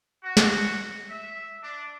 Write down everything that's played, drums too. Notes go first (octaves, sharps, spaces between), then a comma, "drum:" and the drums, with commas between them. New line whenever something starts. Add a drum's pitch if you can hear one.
F#4
drum: snare
E5
D4